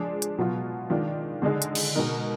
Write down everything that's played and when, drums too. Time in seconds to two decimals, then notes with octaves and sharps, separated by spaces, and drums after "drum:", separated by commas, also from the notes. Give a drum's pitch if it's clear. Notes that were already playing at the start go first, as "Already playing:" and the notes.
Already playing: F3 G#3 D4 G#4
0.22 drum: hi-hat
0.38 B2 F#3 B3 F4
0.90 D#3 G#3 D4 F4
1.42 D3 G#3 D#4 G#4
1.62 drum: hi-hat
1.75 drum: cymbal
1.95 B2 G#3 D#4 A#4